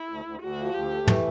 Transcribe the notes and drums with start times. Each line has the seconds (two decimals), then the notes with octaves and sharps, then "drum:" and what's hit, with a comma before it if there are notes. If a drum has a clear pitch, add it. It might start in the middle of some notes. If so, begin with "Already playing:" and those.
Already playing: E4
0.09 D2
0.25 D2
0.41 D2 F#4
0.58 F3
0.74 D2 G4
0.91 A3
1.07 E3, drum: tom